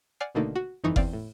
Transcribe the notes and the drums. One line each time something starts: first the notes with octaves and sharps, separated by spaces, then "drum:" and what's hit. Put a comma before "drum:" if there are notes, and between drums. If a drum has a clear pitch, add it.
D5 F#5 G#5 F6 C7
G#1 B2 D3 A3 A#3 D#4
F#4
G1 F2 E3 D#4 C#6 D#6
E2 C4 D5 F5, drum: kick F#1
A2